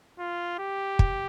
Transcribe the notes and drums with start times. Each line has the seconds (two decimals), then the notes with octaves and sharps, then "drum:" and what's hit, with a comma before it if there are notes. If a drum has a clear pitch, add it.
0.19 F4
0.59 G4
0.99 drum: kick